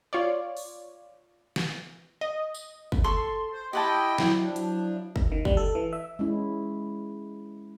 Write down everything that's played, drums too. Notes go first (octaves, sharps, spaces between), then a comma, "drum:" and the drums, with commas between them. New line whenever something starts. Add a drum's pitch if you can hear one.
F4 C#5 D5
drum: open hi-hat
drum: snare
D#5
drum: tambourine
drum: kick
A4 C6 C#6
C5
E4 G4 D#5 F#5 G5 A5
F#3 E4, drum: snare
F3 D4
drum: hi-hat
drum: kick
D#3
G3, drum: kick
A4
E3
E5
G#3 C#4 E4